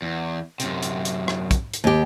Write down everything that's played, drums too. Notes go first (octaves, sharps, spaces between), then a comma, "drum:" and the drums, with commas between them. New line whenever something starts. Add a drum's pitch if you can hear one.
E2
F#2 C3, drum: hi-hat
drum: hi-hat
drum: hi-hat
drum: rim click
drum: kick, hi-hat
drum: hi-hat
D#2 G4